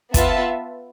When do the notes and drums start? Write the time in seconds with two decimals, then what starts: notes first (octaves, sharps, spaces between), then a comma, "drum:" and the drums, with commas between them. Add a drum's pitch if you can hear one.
0.14 B3 F4 B4 E5 A5, drum: kick, hi-hat